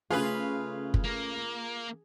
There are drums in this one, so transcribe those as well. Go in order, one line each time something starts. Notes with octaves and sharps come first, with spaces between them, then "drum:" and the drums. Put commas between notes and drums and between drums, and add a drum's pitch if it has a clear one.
C#3 A3 F4 G#4 B4
drum: kick
A#3